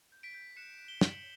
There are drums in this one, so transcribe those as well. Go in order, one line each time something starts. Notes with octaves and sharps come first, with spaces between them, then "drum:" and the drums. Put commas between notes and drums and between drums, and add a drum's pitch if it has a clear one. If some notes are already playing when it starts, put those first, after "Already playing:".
G6
B6 D7
G6
F#6 C#7 E7
F#6
G7
F#6 D7 F#7, drum: snare